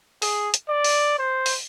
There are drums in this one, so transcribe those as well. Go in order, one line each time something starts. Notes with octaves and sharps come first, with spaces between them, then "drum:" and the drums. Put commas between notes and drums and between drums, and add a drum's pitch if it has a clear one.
G#4, drum: open hi-hat
drum: hi-hat
D5
drum: open hi-hat
C5
drum: open hi-hat